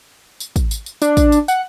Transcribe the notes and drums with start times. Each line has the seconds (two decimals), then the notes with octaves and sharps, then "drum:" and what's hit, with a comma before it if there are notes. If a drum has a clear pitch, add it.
0.40 drum: tambourine
0.56 drum: kick, tambourine
0.71 drum: tambourine
0.86 drum: tambourine
1.02 D4, drum: tambourine
1.17 drum: kick, tambourine
1.32 drum: tambourine
1.48 F#5, drum: tambourine